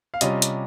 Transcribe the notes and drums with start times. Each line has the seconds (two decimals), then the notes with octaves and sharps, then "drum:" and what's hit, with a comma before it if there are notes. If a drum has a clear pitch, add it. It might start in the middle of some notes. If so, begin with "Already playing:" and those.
0.14 F5
0.21 C3 G3 C#4 F4 D#5, drum: hi-hat
0.42 drum: hi-hat